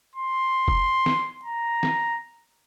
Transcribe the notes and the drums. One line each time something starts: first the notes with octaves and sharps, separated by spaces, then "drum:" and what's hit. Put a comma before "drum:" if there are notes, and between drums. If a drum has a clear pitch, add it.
C6
drum: kick
drum: snare
A#5
drum: snare